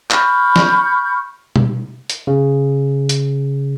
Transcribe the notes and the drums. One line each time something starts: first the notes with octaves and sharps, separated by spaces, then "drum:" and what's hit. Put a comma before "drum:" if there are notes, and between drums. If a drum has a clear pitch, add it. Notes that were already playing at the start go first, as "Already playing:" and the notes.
B5 C#6 F6 G6, drum: clap
drum: snare
drum: tom B2
drum: hi-hat
C#3
drum: hi-hat